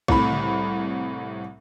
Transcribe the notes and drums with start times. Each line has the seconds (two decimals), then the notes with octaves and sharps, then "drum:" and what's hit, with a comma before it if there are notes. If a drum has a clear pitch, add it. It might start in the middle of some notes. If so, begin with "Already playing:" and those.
0.08 C2 A2 C4 B5, drum: kick
0.32 drum: tom C#3